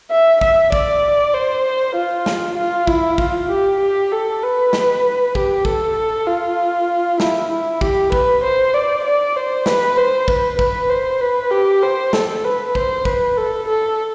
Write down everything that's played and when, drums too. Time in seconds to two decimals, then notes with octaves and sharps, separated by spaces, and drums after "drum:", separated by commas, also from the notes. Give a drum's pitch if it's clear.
0.11 E5
0.41 E5, drum: kick
0.72 D5, drum: kick
1.34 C5
1.96 F4
2.26 drum: snare
2.58 F4
2.87 E4, drum: kick
3.18 F4, drum: kick
3.50 G4
3.80 G4
4.12 A4
4.43 B4
4.73 drum: snare
5.35 G4, drum: kick
5.65 A4, drum: kick
6.27 F4
7.20 E4, drum: snare
7.51 E4
7.81 G4, drum: kick
8.12 B4, drum: kick
8.43 C5
8.74 D5
9.04 D5
9.36 C5
9.66 B4, drum: snare
9.97 C5
10.28 B4, drum: kick
10.59 B4, drum: kick
10.89 C5
11.21 B4
11.51 G4
11.82 C5
12.13 A4, drum: snare
12.45 B4
12.75 C5, drum: kick
13.05 B4, drum: kick
13.37 A4
13.68 A4